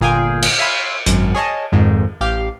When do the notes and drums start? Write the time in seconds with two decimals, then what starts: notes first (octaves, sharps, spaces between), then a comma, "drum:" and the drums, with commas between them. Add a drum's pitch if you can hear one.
0.01 G1 A#2 G#4 F5 G5 G#5
0.42 drum: cymbal
0.58 C#5 E5 F5 G#5 B5 C6
1.06 G#1 F#2, drum: hi-hat
1.35 G#4 C#5 D#5 A5
1.72 G#1 F2 G#2
2.21 A1 G4 F5